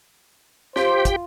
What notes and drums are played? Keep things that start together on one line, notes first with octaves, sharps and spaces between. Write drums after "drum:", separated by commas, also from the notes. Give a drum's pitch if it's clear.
F4 G4 C5 G5, drum: snare
drum: kick, hi-hat